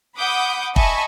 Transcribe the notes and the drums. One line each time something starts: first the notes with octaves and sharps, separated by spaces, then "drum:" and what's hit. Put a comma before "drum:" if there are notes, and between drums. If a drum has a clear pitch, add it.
F#5 B5 D6 D#6 G6
D#5 E5 G#5 A5 B5 C#6, drum: kick